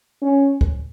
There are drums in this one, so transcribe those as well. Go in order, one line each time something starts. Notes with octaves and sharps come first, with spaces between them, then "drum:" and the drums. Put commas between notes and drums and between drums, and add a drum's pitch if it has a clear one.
C#4
drum: kick